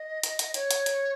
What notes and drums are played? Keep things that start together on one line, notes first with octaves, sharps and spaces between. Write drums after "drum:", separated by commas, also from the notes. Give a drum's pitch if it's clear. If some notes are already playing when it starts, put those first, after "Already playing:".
Already playing: D#5
drum: hi-hat
drum: hi-hat
C#5, drum: hi-hat
drum: hi-hat
drum: hi-hat